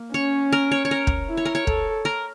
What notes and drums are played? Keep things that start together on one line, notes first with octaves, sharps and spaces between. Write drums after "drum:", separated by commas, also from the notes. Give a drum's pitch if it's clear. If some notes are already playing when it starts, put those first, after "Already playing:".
Already playing: A#3
C#4 C#5
A#4
C#5
C#5
A#4
drum: kick
E4
C#5
A#4
C#5
A4, drum: kick
A#4